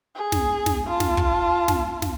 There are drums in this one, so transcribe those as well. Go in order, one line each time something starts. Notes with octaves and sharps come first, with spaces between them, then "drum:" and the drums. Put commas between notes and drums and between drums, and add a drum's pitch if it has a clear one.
G#4
drum: snare
drum: snare
F4 A5
drum: snare
drum: kick
drum: snare
drum: snare